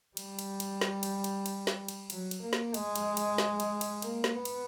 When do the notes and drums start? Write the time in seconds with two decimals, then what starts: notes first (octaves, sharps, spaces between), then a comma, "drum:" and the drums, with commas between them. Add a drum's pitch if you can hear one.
0.17 G3, drum: cymbal
0.39 drum: cymbal
0.60 drum: cymbal
0.81 drum: snare
1.03 drum: cymbal
1.24 drum: cymbal
1.46 drum: cymbal
1.67 drum: snare
1.88 drum: cymbal
2.10 F#3, drum: cymbal
2.31 drum: cymbal
2.42 A#3
2.53 drum: snare
2.74 G#3, drum: cymbal
2.96 drum: cymbal
3.17 drum: cymbal
3.38 drum: snare
3.60 drum: cymbal
3.81 drum: cymbal
4.02 A#3, drum: cymbal
4.24 drum: snare
4.35 B3
4.45 drum: cymbal